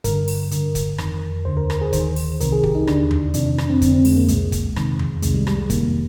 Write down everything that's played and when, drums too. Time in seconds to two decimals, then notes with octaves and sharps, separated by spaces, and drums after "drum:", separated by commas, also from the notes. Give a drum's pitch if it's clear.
0.04 G2 D3 A#4, drum: kick, hi-hat
0.28 drum: open hi-hat
0.51 G2 D3, drum: hi-hat
0.75 drum: kick, hi-hat
0.98 F2 D#3, drum: rim click
1.45 D#2 D3 C5
1.57 A#4
1.70 A#4, drum: rim click
1.82 G#4
1.93 D#2 D#3 C5, drum: kick, hi-hat
2.16 drum: open hi-hat
2.40 C2 C3 D#3 A#4, drum: hi-hat
2.52 G#4
2.63 G4, drum: kick
2.75 D#4
2.87 D#2 D3 D4, drum: rim click
3.11 drum: tom E2
3.34 F2 C3 D#3 D4, drum: hi-hat
3.46 D4
3.58 D4, drum: rim click
3.70 C4
3.82 F2 D3 C4, drum: kick, hi-hat
3.93 C4
4.05 G#3, drum: open hi-hat
4.16 A#3
4.28 C2 A#2 G#3, drum: hi-hat
4.52 drum: kick, hi-hat
4.76 F2 C3 D#3, drum: rim click
4.99 drum: tom E2
5.22 C2 C3 D#3 G#3, drum: hi-hat
5.34 G3
5.47 G3, drum: rim click
5.58 G#3
5.70 F2 C3 D#3 A#3, drum: kick, hi-hat